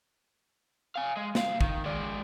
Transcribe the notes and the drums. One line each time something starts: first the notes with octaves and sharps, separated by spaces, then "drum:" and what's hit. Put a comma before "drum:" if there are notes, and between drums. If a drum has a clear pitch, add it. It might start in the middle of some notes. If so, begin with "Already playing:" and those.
F5 G#5
G#3
B1 F5, drum: snare
D#3, drum: kick
G#3 D5